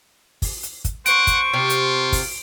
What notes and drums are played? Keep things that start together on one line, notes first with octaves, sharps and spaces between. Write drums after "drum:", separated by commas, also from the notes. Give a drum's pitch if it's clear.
drum: kick, open hi-hat
drum: hi-hat
drum: kick, hi-hat
C5 F#5 C#6 D7, drum: hi-hat
drum: kick, hi-hat
C3 F4
drum: hi-hat
drum: kick, open hi-hat